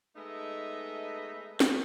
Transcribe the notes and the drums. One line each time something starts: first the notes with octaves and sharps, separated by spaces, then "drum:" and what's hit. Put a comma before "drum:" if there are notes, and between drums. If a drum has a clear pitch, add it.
G#3 A3 B3 D#4 D#5 E5
drum: snare